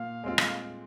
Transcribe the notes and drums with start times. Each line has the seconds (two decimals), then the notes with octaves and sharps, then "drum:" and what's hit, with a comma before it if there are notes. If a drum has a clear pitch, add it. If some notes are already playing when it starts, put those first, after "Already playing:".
Already playing: A#2 F5
0.24 G#3 C4 F4
0.38 drum: rim click